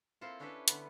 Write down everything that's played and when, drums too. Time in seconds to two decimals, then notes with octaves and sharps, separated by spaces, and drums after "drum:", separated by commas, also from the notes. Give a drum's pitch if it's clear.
0.21 A#3 C4 E4 F4 A4
0.40 C#4 D4 E4 G4 A4 B4
0.68 D3 G3 B3, drum: hi-hat